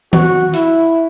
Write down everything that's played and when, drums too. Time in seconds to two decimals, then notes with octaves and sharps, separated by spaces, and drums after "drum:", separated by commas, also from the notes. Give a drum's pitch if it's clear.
0.13 F#4, drum: tom D#3
0.54 E4, drum: hi-hat